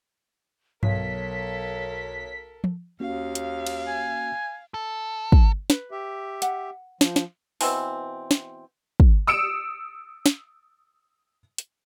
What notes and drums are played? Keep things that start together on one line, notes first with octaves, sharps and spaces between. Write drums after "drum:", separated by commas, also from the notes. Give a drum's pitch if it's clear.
B1 A4 A#4 C#5 B6, drum: tom G2
drum: tom F3
D#2 A#3 C#4 F#4 F5
drum: hi-hat
drum: cymbal
G#5
A4
drum: kick
B4, drum: snare
G4 E5
F#5, drum: hi-hat
F3, drum: snare
drum: snare
B2 E3 C4, drum: open hi-hat
drum: snare
drum: kick
D#6 E6 C#7 D7 E7
drum: snare
drum: hi-hat